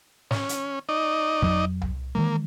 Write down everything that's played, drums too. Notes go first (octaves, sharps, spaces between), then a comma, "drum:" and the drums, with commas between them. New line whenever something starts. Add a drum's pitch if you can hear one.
C#4, drum: snare
drum: hi-hat
D#4 D5 D#5
F2 F#3, drum: kick
drum: tom C2
D#3 E3 G#3 A#3